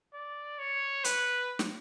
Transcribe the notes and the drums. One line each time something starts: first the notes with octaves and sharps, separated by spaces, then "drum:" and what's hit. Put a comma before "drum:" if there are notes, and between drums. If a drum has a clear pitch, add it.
D5
C#5
B4, drum: hi-hat
drum: snare